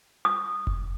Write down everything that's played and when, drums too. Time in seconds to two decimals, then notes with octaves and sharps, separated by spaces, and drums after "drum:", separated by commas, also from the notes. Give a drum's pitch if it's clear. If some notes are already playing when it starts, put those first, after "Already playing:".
0.25 D#6
0.67 drum: kick F1